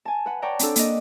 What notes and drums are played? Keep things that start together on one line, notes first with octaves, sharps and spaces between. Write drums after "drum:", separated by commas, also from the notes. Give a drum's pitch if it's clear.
G#5 A5
B4 F#5
C#5 D5 F#5 G5 A5 A#5
C4 D4 A4, drum: hi-hat
A#3 D5 D#5, drum: hi-hat